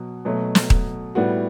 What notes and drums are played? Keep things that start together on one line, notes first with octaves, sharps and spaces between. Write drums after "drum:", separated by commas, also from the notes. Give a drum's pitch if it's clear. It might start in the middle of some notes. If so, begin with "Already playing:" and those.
Already playing: B2 F#3
B2 F#3 A3
drum: snare
drum: kick D#1
A2 G3 B3 F#4